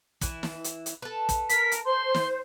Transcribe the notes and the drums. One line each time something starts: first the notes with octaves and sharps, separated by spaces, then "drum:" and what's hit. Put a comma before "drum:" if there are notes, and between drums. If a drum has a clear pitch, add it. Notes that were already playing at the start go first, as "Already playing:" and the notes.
E3 E4, drum: kick, hi-hat
drum: snare
drum: hi-hat
drum: hi-hat
A4 B4
drum: kick, hi-hat
A#4 B6, drum: hi-hat
drum: hi-hat
C5 C6
drum: snare